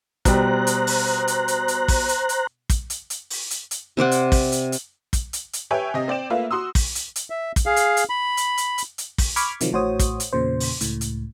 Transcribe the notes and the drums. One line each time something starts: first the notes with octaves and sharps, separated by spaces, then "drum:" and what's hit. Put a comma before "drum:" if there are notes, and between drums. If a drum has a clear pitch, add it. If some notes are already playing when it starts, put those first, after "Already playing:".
B2 G3 C5 A#5 F#6, drum: kick, hi-hat
drum: hi-hat
drum: open hi-hat
drum: hi-hat
drum: hi-hat
drum: hi-hat
drum: kick, open hi-hat
drum: hi-hat
drum: hi-hat
drum: kick, hi-hat
drum: hi-hat
drum: hi-hat
drum: open hi-hat
drum: hi-hat
drum: hi-hat
C3 C5 D5 F#5
drum: hi-hat
drum: kick, open hi-hat
drum: hi-hat
drum: hi-hat
drum: kick, hi-hat
drum: hi-hat
drum: hi-hat
G4 B4 C#5 E5 G5 G#5
C3 D#5
C4 D5 G5 E7
A3 A#3 F4 B4 E5
F#4 C6 D#6 E6
drum: kick, open hi-hat
drum: hi-hat
drum: hi-hat
E5
drum: kick, hi-hat
G#4 F5
drum: hi-hat
drum: hi-hat
B5
drum: hi-hat
drum: hi-hat
drum: hi-hat
drum: hi-hat
drum: kick, open hi-hat
B5 C#6 D6 F6 G#6, drum: hi-hat
C3 D#3 F3 F#3, drum: hi-hat
A1 A2 F#4 C5 C#5 D#6
drum: kick, hi-hat
drum: hi-hat
E2 A#2 C#3 C5
drum: open hi-hat
C#2 A2, drum: hi-hat
drum: hi-hat